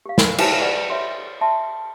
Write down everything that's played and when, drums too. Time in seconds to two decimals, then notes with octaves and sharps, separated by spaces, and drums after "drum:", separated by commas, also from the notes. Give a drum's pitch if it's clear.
0.06 G4 F5
0.18 drum: snare
0.38 G#4 A4 B4 E5 G#5 A5, drum: cymbal
0.59 G4 G#4 B4 D5 D#5 F#5
0.90 C#5 E5 C6
1.41 E5 A5 C6